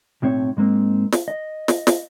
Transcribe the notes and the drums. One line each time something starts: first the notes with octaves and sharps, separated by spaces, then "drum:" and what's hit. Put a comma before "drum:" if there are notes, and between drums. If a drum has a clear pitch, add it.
B1 A2 C4 C#5
G#2 G#3 A#3 C4
drum: snare
D#5
drum: snare
drum: snare